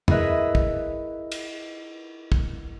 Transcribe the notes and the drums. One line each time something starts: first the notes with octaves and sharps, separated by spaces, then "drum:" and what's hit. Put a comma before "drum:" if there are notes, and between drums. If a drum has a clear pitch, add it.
E4 G#4 A#4 B4 D#5 E5, drum: tom
drum: kick
drum: cymbal
drum: kick